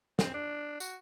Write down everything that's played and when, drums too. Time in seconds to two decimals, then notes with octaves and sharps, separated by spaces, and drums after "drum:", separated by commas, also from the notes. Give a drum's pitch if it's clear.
0.19 C4, drum: snare
0.34 D4
0.80 F#4, drum: tambourine